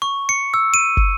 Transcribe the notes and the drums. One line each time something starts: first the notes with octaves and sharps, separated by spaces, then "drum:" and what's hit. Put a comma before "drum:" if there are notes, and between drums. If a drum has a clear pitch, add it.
C#6
C#7
E6
D#7
drum: kick